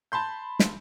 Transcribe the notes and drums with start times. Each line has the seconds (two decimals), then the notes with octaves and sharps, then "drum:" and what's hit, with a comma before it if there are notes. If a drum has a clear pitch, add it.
0.12 A5 B5 C6 G6
0.59 drum: snare